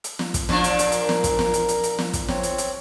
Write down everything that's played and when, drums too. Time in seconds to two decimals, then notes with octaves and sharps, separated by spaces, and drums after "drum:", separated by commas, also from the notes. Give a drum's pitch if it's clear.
0.04 drum: hi-hat
0.19 drum: snare
0.34 drum: kick, hi-hat
0.49 A#2 F3 D4, drum: snare
0.64 drum: hi-hat
0.79 drum: hi-hat
0.92 A#4, drum: hi-hat
1.09 drum: snare
1.24 drum: kick, hi-hat
1.39 drum: snare
1.54 drum: hi-hat
1.69 drum: hi-hat
1.84 drum: hi-hat
1.99 drum: snare
2.13 drum: kick, hi-hat
2.28 C4 C#5, drum: snare
2.43 drum: hi-hat
2.58 drum: hi-hat